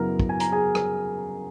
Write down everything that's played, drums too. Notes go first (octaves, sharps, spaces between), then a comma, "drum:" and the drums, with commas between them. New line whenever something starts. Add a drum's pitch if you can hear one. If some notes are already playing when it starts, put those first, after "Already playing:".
Already playing: F#2 C#3 F#3 B3 E4 A#4 A#5
drum: kick
G#5
A#5, drum: hi-hat
G#4 G#5
drum: rim click